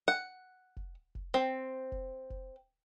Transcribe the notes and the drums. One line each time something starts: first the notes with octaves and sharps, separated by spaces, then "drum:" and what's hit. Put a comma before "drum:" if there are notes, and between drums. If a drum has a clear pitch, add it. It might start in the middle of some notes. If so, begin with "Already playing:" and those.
F#5
drum: kick F1
drum: kick F1
C4
drum: kick F1
drum: kick F1